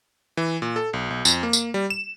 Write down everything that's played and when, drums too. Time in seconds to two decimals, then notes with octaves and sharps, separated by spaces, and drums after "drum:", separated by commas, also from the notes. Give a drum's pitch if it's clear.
0.37 E3
0.62 A#2
0.76 A4
0.93 B1
1.10 B1
1.25 F2, drum: tambourine
1.43 A#3
1.53 drum: tambourine
1.74 G3
1.90 E7